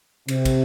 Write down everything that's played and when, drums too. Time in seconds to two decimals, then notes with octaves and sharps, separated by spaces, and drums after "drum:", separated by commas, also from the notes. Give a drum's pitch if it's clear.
0.28 C3, drum: cymbal
0.45 drum: kick, cymbal